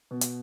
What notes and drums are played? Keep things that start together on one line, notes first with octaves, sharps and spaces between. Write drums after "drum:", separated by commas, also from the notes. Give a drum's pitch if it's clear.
B2
drum: hi-hat